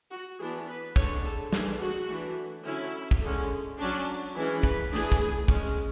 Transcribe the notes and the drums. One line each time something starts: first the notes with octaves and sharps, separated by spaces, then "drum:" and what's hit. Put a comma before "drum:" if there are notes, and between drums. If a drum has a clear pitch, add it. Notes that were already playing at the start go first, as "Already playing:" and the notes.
F#4
E3 B3 D4 G#4
B4
D3 G#3 D4 C#5, drum: kick
A4
E3 A3 D4 G#4, drum: snare
F#4
E3 A3 D4
D3 F#3 C#4 E4
drum: kick
D3 G#3 C#4
F#3 C#4 D4
drum: open hi-hat
E3 G#3 C#4 E4
B4, drum: kick
E3 A3 D4 G#4
drum: kick
G#3 C#4, drum: kick